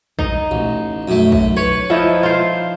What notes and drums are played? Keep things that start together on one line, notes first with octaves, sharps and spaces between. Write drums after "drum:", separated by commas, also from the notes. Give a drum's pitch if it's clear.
D#4, drum: kick A#1
A1
F#2 A3
drum: kick A#1
B4 C#5
F3 D#4 E4
F4 C5